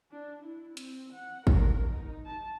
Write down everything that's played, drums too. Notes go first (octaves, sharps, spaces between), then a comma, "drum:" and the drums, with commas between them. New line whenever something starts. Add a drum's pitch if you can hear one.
D4
E4
C4, drum: hi-hat
F#5
A#4, drum: kick
D#4
A5